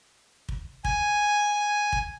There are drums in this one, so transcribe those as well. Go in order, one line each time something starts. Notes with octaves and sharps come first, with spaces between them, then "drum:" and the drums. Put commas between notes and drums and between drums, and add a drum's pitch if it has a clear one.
drum: kick
G#5, drum: kick
drum: kick